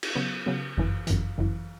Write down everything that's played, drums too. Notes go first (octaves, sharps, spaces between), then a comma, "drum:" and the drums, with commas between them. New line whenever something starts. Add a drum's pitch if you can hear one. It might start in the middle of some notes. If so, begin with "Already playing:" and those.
drum: cymbal
C#3 F#3 B3
C#3 F#3 B3
G1 F#2 E3
G1 F#2 E3, drum: hi-hat
G1 F#2 E3